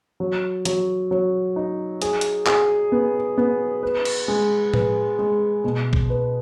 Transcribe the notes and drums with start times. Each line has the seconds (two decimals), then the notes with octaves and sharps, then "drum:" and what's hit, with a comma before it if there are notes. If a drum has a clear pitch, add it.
0.20 F#3
0.65 F#3, drum: hi-hat
1.11 F#3
1.56 D#4
2.02 G#4, drum: hi-hat
2.21 drum: hi-hat
2.46 G#4, drum: clap
2.92 B3
3.38 B3
3.83 B4
4.05 drum: cymbal
4.28 G#3
4.74 B4, drum: tom A2
5.19 G#3
5.64 B2
5.93 drum: kick A#1
6.10 B4